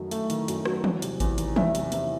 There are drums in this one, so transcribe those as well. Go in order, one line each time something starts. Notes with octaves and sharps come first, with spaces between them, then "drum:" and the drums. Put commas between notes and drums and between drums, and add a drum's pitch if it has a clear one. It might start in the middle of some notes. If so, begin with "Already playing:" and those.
Already playing: F#2 D#3 F#3 A3
A3, drum: hi-hat
D#3, drum: hi-hat
F#2, drum: hi-hat
F#3, drum: rim click
E2, drum: tom
C3, drum: hi-hat
E2, drum: kick A1, hi-hat
D#3, drum: hi-hat
E2 E5, drum: tom
C3, drum: hi-hat
E2 E5, drum: hi-hat